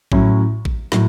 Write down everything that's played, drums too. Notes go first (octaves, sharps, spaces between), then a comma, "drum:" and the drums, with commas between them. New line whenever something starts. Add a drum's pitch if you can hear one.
A2 F#3 C#4 E4, drum: kick A1
drum: kick A1
A2 F#3, drum: snare